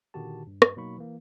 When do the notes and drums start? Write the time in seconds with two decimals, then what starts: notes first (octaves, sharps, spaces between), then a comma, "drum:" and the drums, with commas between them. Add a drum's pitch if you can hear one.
0.14 A#2 D3 D#3 F#4 G4 A5
0.47 G2
0.62 drum: rim click
0.76 B2 F#3 A#3 D#4 B5 C#6
0.98 E3 A#3